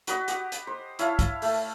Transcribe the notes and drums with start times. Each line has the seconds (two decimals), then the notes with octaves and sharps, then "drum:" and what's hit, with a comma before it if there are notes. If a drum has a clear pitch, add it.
0.07 F#4 B4 D#5, drum: hi-hat
0.28 G4 F#5, drum: hi-hat
0.52 drum: hi-hat
0.67 C5
0.99 E4 C#5 F5 A5, drum: hi-hat
1.19 drum: kick, hi-hat
1.42 A3, drum: open hi-hat